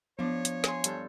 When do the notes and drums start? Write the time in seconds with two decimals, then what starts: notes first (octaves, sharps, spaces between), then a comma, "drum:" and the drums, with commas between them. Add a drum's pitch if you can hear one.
0.19 F3 B3 D4 C#5
0.45 drum: hi-hat
0.64 G#5 C6, drum: snare
0.84 G2 A4 G6, drum: hi-hat